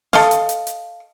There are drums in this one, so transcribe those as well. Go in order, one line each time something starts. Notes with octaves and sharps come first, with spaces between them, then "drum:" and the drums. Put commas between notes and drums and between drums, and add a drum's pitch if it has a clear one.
A4 D#5 F5, drum: snare
drum: hi-hat
drum: hi-hat
drum: hi-hat